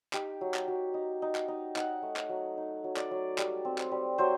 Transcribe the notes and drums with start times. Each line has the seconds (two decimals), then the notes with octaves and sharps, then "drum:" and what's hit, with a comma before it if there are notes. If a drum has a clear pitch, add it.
0.13 D#4 G4, drum: clap
0.41 F#3
0.54 drum: clap
0.68 F#3
0.94 D#4
1.22 D#4
1.35 drum: clap
1.48 D#4
1.76 D#4 F#5, drum: clap
2.02 A3
2.16 drum: clap
2.29 F#3
2.57 D#4
2.84 F#3
2.97 D5, drum: clap
3.11 F#3
3.38 G3, drum: clap
3.65 C4
3.78 drum: clap
3.92 G3
4.18 F#3 C5